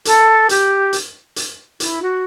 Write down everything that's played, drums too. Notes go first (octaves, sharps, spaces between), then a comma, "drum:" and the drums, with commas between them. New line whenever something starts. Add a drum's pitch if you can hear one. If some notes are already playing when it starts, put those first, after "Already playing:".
A4, drum: hi-hat
G4, drum: hi-hat
drum: hi-hat
drum: hi-hat
E4, drum: hi-hat
F#4